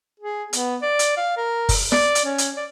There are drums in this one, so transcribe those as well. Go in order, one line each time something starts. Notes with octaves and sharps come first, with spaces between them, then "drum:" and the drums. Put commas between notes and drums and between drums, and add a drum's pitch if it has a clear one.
G#4
B3, drum: hi-hat
D5
drum: hi-hat
F5
A#4
drum: kick, open hi-hat
D5, drum: snare
drum: hi-hat
C#4
drum: hi-hat
D5